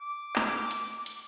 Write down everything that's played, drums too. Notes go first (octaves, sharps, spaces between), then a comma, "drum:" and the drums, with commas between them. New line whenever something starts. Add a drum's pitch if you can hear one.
D6
drum: clap
drum: hi-hat
drum: hi-hat